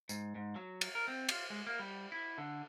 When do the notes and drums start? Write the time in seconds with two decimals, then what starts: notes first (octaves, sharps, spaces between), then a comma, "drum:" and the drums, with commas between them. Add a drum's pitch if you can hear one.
0.09 G#2, drum: tambourine
0.35 G#2
0.56 F#3
0.81 drum: cymbal
0.95 A#4
1.08 C4
1.29 F4, drum: cymbal
1.50 G#3
1.67 A#3
1.80 G3
2.12 E4
2.38 D3